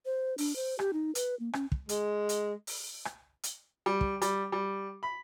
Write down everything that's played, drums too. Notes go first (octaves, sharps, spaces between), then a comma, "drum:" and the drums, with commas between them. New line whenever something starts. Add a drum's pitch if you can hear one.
C5
D4, drum: open hi-hat
C5
G4, drum: rim click
D#4
B4, drum: hi-hat
A#3
C#4, drum: rim click
drum: kick
G#3, drum: hi-hat
drum: hi-hat
drum: open hi-hat
drum: rim click
drum: hi-hat
G3
drum: kick
G3, drum: hi-hat
G3
B5